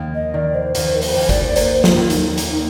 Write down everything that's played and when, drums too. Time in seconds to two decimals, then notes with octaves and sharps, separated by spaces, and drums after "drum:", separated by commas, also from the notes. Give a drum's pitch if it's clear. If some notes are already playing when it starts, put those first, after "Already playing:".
Already playing: D#2 A#3
0.15 D#5
0.34 D#3 D5
0.55 C5
0.75 D#2 C5, drum: hi-hat
0.95 A#4
1.02 C5, drum: open hi-hat
1.16 D#2
1.29 D5, drum: kick G1, hi-hat
1.56 A#3 C5, drum: hi-hat
1.84 F4, drum: snare
1.96 D#2
2.10 D#4, drum: hi-hat
2.38 A#3, drum: hi-hat